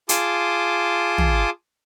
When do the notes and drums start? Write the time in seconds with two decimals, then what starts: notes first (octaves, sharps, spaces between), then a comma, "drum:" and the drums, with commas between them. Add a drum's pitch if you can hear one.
0.09 F4 G#4 A5 C6 D6 D#6, drum: hi-hat
1.18 drum: tom